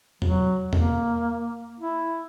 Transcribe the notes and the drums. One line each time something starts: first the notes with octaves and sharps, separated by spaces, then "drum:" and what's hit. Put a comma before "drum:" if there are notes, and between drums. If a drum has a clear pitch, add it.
F#3, drum: tom E2
A#3, drum: tom E2
E4